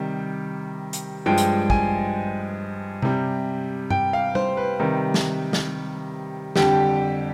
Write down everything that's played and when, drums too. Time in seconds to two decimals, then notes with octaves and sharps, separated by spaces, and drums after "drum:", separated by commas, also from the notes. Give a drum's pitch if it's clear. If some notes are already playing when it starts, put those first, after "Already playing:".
Already playing: C3 D#3 G3
0.93 drum: hi-hat
1.26 G2 F3 G#3 G5
1.38 drum: hi-hat
1.70 G#5, drum: kick
3.02 C3 G3, drum: tom C3
3.90 G5, drum: tom G2
4.13 F5
4.35 C5, drum: tom G3
4.57 B4
4.79 C3 D#3 G3
5.14 drum: snare
5.53 drum: snare
6.56 F2 D3 G3 G4, drum: snare